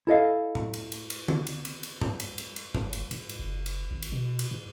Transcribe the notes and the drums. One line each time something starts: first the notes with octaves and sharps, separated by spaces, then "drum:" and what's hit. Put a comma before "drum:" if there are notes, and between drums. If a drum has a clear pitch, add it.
E4 A4 D#5 F5
drum: tom A2
drum: cymbal
drum: cymbal
drum: cymbal
drum: tom D3
drum: cymbal
drum: cymbal
drum: cymbal
drum: tom G#2
drum: cymbal
drum: cymbal
drum: cymbal
G1, drum: tom G#2
drum: cymbal
G#2, drum: cymbal
drum: cymbal
F#1
drum: cymbal
G#1
drum: cymbal
B2
drum: cymbal
G#2